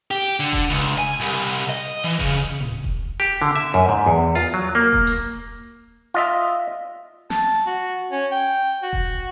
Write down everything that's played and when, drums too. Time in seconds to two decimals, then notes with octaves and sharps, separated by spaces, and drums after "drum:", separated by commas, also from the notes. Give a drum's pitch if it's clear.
0.11 G4
0.40 D3
0.53 drum: kick E1
0.70 C#2
0.98 G#5
1.20 C2
1.69 D#5
2.04 E3
2.19 C#3, drum: kick E1
2.60 drum: tom A2
2.84 drum: kick E1
3.20 G4
3.42 D3
3.56 E5
3.74 F#2
3.89 G#2
4.06 E2
4.35 F4, drum: open hi-hat
4.54 F#3
4.75 A#3
4.93 drum: kick E1
5.07 drum: hi-hat
6.14 F4 D#5 E5
7.30 A5, drum: snare
7.67 F#4
8.11 C#4
8.31 G5
8.83 F#4
8.93 drum: kick E1